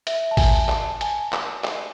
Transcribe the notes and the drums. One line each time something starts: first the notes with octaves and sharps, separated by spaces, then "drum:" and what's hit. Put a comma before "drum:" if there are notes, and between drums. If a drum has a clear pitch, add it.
E5, drum: hi-hat
A5
G#5, drum: kick, open hi-hat
A5
A5, drum: clap
G#5, drum: hi-hat
drum: clap
drum: clap